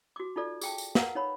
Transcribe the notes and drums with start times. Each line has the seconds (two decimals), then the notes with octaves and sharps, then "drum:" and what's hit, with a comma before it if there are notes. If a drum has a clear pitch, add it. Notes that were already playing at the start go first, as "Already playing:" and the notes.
0.16 F#4 D6
0.36 D#4 F4 A4 D5
0.61 G#4 G5 A5, drum: tambourine
0.78 drum: tambourine
0.95 A#4 B4 F5 F#5 A#5, drum: snare
1.15 D#4 C#5 B5